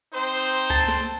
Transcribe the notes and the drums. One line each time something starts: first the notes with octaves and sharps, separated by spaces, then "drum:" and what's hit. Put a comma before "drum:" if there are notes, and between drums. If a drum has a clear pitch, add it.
C4 D#4 C5
A5, drum: kick C#2, hi-hat
drum: snare